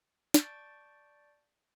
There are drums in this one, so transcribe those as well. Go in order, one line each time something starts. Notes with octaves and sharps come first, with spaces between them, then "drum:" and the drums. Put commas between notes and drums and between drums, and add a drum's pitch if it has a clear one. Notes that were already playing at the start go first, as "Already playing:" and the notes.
D5 A5 C#6 G6 A6 D7, drum: snare